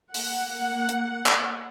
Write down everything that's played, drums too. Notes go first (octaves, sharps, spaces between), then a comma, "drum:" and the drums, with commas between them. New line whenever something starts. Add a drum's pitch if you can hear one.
A#3 F#5, drum: open hi-hat
drum: hi-hat
drum: clap